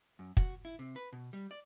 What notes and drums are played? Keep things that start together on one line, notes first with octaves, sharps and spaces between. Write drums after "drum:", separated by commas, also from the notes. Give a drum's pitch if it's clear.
F#2
F#4, drum: kick
E4
C3
B4
B2
G3
D5